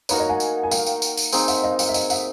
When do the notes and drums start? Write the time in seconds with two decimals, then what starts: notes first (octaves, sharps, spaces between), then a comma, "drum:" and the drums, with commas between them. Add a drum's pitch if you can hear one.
0.09 A#3 D#4 F#4 A#4 B4 C#5, drum: tambourine
0.19 C#5 D#5
0.29 F#5 G#5
0.40 drum: tambourine
0.63 G#5
0.71 F5 G5, drum: tambourine
0.86 drum: tambourine
1.02 drum: tambourine
1.17 drum: tambourine
1.32 C4 D#4 G#4 F5 G5, drum: tambourine
1.48 E5 F#5, drum: tambourine
1.63 D#5 F5
1.79 F5 G5, drum: tambourine
1.89 E5
1.94 D#5 F5, drum: tambourine
2.10 E5 F#5, drum: tambourine